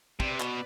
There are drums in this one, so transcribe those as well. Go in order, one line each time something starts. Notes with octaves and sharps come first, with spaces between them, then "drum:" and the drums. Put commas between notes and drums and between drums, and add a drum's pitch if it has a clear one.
C3 B4 D5, drum: kick
B2, drum: clap